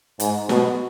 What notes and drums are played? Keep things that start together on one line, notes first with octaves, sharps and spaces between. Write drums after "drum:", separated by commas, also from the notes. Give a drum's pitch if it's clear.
G#2, drum: hi-hat
B2, drum: snare